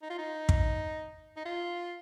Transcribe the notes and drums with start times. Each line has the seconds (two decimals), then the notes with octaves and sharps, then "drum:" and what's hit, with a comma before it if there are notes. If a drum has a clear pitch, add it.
0.02 D#4
0.10 F4
0.18 D#4
0.49 drum: kick
1.36 D#4
1.45 F4